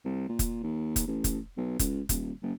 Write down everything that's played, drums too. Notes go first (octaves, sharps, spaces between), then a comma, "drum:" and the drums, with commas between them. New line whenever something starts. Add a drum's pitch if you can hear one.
C2
A#2
drum: kick, hi-hat
D#2
drum: kick, hi-hat
A1
drum: kick, hi-hat
B1
C#2, drum: kick, hi-hat
D#1, drum: kick, hi-hat
F#1